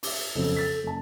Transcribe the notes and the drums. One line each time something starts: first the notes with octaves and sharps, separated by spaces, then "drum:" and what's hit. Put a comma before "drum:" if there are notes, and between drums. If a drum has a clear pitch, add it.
E5 D6, drum: open hi-hat
B1 F2 C#3 A4
A6 B6
F#1 A5